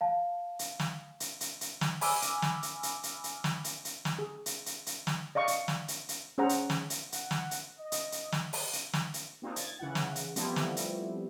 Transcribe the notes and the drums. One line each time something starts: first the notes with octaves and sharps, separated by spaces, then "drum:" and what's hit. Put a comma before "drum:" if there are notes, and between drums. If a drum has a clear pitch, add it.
F5 A5
drum: hi-hat
drum: snare
drum: hi-hat
drum: hi-hat
drum: hi-hat
drum: snare
G#5 B5 D6 E6 F6, drum: open hi-hat
drum: hi-hat
drum: snare
drum: hi-hat
drum: hi-hat
drum: hi-hat
drum: hi-hat
drum: snare
drum: hi-hat
drum: hi-hat
drum: snare
G#4
drum: hi-hat
drum: hi-hat
drum: hi-hat
drum: snare
D5 D#5 F5 C#6
drum: hi-hat
drum: snare
drum: hi-hat
drum: hi-hat
C#4 G#4 C5 F#5 A#5
drum: hi-hat
drum: snare
drum: hi-hat
F#5, drum: hi-hat
drum: snare
drum: hi-hat
D#5
drum: hi-hat
drum: hi-hat
drum: snare
drum: open hi-hat
drum: hi-hat
drum: snare
drum: hi-hat
A#3 C4 D4 D#4 F4
G#6 A6, drum: hi-hat
C#3 E3 F#5
drum: snare
drum: hi-hat
F3 G3 A3 B3 C4 E4, drum: hi-hat
drum: snare
drum: hi-hat